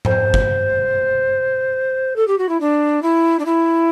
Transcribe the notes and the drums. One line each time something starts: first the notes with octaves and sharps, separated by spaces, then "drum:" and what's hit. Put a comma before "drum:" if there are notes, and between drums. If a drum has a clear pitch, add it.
C5, drum: tom G#2
drum: kick
A4
G4
F#4
E4
D4
E4
D4
E4